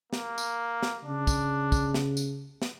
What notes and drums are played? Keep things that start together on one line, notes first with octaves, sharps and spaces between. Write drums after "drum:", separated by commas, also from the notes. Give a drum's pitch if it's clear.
A#3, drum: snare
drum: tambourine
drum: snare
C#3 D4
drum: kick, tambourine
drum: kick, tambourine
drum: snare
drum: tambourine
drum: snare